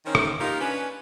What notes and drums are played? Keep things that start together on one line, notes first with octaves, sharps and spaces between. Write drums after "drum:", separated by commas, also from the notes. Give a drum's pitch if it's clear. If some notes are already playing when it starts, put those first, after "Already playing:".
D#3 C4 C#4
drum: rim click
A#3 D#4 F4 G4 A#4 D#5
C#4 D4 B4